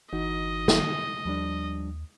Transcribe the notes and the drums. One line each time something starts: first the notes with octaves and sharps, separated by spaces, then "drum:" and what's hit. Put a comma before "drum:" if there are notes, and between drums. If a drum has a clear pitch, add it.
G1 E3 D#4 F#4 D#5
drum: snare
D#2 F3 G3 D4